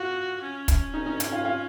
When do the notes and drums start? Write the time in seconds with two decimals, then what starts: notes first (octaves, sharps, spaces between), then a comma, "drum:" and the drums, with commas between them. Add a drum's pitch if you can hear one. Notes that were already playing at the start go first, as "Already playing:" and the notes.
Already playing: F4 F#4
0.42 C#4
0.68 drum: kick, hi-hat
0.94 D#4
1.06 D#4
1.20 D#4, drum: hi-hat
1.32 F4
1.45 F4